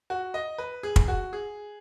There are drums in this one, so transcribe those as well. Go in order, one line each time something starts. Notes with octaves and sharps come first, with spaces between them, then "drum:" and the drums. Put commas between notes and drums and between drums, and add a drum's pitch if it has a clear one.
F#4
D#5
B4
G#4
drum: kick
F#4
G#4